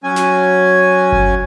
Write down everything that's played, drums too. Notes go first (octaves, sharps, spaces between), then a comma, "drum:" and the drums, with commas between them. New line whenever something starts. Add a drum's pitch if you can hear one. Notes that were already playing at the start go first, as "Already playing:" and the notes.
F#3 C#4 G#5
drum: snare
drum: kick G1